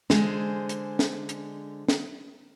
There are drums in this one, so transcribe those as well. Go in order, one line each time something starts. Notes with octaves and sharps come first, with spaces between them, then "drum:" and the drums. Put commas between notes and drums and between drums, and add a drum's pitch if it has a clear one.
D3 G#3 G#4 C5, drum: snare
drum: hi-hat
drum: snare
drum: hi-hat
drum: snare